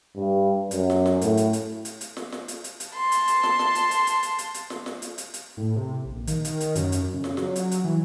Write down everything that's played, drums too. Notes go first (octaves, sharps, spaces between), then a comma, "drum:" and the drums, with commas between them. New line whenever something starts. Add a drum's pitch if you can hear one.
G2
F#2, drum: hi-hat
drum: snare
drum: snare
A2, drum: hi-hat
drum: hi-hat
drum: hi-hat
drum: hi-hat
drum: hi-hat
drum: snare
drum: snare
drum: hi-hat
drum: hi-hat
drum: hi-hat
A5 C6
drum: hi-hat
drum: hi-hat
drum: snare
drum: snare
drum: hi-hat
drum: hi-hat
drum: hi-hat
drum: hi-hat
drum: hi-hat
drum: hi-hat
drum: snare
drum: snare
drum: hi-hat
drum: hi-hat
drum: hi-hat
A2
C3
A#1
D#3, drum: hi-hat
drum: hi-hat
drum: hi-hat
F#2, drum: hi-hat
drum: hi-hat
C#3
drum: snare
F#3, drum: snare
drum: hi-hat
drum: hi-hat
E3